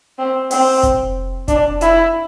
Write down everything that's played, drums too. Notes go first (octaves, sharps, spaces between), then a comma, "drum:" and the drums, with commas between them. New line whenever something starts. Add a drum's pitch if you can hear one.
C4
C4, drum: open hi-hat
drum: kick F1, hi-hat
D4, drum: kick F1, hi-hat
E4, drum: hi-hat